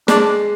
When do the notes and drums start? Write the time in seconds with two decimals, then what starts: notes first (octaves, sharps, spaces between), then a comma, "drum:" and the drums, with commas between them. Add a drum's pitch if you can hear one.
0.08 G#3 D4, drum: snare